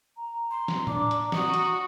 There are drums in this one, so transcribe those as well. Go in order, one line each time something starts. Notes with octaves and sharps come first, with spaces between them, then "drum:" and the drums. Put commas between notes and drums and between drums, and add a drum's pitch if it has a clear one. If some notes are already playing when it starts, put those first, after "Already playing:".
A#5
C6
drum: snare
D4 D6, drum: tom A2
drum: hi-hat
F#4 D#6, drum: snare
drum: hi-hat